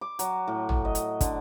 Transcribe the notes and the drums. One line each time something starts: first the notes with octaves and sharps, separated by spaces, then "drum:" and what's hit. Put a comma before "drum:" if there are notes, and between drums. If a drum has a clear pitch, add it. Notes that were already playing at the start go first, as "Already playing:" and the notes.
D6
F#3, drum: hi-hat
A2
drum: tom
D#5
drum: hi-hat
D3, drum: kick, hi-hat